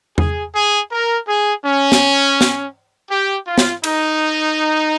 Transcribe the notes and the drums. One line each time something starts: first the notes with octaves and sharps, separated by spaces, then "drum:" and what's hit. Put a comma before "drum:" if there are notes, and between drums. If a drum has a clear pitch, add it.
G#4, drum: tom E2
G#4
A#4
G#4
C#4
drum: snare
drum: snare
G4
F4
drum: snare
D#4, drum: cymbal